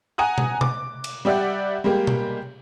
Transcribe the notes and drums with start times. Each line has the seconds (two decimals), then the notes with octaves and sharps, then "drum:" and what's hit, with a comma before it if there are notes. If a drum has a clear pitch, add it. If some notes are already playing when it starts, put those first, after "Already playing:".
0.18 F#5 G#5 A#5 D#6 F#6
0.38 drum: tom B2
0.61 D6, drum: tom B2
1.04 drum: cymbal
1.25 G3 G4 D5 E5 F#5
1.84 G3 G#3 A#3 G4
2.07 drum: tom B2